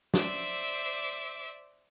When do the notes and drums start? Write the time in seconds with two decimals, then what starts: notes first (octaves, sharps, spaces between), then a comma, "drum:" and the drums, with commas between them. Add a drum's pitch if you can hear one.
0.14 C5 D5 E5 D6 E6, drum: snare